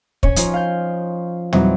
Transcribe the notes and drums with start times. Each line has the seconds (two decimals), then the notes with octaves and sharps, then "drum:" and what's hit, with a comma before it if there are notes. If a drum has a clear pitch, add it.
0.23 C#4 C#5, drum: kick
0.36 F3 D#4 F4, drum: hi-hat
0.54 F5 G6
1.53 E3 F#3 G3 C4 D#4, drum: tom